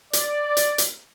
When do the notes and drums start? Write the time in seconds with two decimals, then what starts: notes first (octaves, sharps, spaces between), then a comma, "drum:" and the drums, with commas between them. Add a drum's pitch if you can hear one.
0.13 D5, drum: hi-hat
0.57 drum: hi-hat
0.78 drum: hi-hat